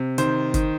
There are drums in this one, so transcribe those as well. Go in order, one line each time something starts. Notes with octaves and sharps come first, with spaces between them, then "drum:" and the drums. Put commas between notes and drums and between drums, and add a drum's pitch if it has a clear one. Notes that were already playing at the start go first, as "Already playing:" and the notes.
Already playing: C3
D#3 C5, drum: hi-hat
D#3, drum: kick G1, hi-hat